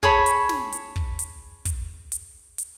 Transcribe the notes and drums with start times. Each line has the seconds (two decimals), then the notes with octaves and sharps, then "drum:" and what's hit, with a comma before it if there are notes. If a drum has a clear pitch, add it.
0.03 G#4 C#5 A5 B5, drum: kick
0.26 drum: hi-hat
0.49 drum: snare
0.72 drum: hi-hat
0.96 drum: kick
1.19 drum: hi-hat
1.65 drum: kick, hi-hat
2.12 drum: hi-hat
2.58 drum: hi-hat